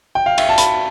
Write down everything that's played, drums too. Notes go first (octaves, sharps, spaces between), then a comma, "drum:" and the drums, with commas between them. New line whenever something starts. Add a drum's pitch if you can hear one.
G5
F5
E5, drum: cymbal
A5
B5, drum: hi-hat